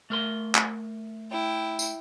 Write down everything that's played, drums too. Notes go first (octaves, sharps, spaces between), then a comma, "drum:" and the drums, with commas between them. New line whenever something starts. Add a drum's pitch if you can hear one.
A3 A#4 C6
drum: clap
E4 G5
drum: tambourine